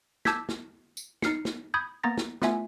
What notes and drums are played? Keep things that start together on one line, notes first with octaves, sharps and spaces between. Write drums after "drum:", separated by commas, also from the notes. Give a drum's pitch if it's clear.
A5 D6 E6 G6 G#6 B6, drum: snare
drum: snare
drum: tambourine
D#4 F6 C7 C#7, drum: snare
drum: snare
B5 D#6 G6 G#6
A#3 B3 A#5 A6 A#6
drum: snare
A3 B3 F4 E5 G#5, drum: snare